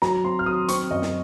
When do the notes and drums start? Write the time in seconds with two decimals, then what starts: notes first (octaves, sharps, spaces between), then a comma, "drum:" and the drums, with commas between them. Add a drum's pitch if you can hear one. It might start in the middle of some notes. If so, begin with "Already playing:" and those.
0.02 F#3 A#5, drum: snare
0.24 C4 C6
0.39 F6
0.46 F#3 D#6
0.68 C4 C#6, drum: hi-hat
0.91 F#2 D#5
1.02 drum: snare